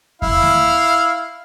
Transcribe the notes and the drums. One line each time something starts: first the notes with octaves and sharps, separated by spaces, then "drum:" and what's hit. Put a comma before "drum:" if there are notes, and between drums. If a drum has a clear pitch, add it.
E4 F5, drum: kick E2
drum: snare A3